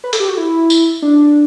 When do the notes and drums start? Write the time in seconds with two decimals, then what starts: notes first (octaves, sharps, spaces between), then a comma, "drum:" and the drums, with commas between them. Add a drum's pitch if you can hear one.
0.04 B4
0.13 A4, drum: hi-hat
0.20 G4
0.28 F#4
0.37 E4
0.70 drum: tambourine
1.02 D4